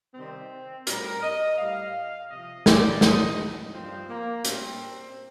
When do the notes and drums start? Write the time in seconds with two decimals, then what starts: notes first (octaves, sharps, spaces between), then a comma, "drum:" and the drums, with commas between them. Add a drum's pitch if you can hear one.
0.14 C3 D#3 G3 C4
0.87 A2 G3 A#4, drum: hi-hat
1.23 D#5
1.58 A2 G3 F5
2.29 C3 F3 D#5
2.66 D5, drum: snare
3.01 C3 D#3 G3 D#5, drum: snare
3.72 G2 F3 C4
4.09 A#3
4.45 A2 G3 C4, drum: hi-hat